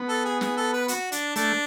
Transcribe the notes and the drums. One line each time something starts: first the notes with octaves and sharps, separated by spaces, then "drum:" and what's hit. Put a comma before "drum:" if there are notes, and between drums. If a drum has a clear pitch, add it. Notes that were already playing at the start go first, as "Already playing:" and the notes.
Already playing: B3
A4
G#4
G#4, drum: snare
A4
B4
F#4, drum: hi-hat
D4, drum: hi-hat
A3 D4, drum: hi-hat